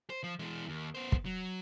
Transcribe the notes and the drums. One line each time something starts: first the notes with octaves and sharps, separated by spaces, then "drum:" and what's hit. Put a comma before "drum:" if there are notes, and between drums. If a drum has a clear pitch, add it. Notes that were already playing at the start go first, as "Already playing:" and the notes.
C5
F3
E3 G#3
D#2
B3 C5
drum: kick
F#3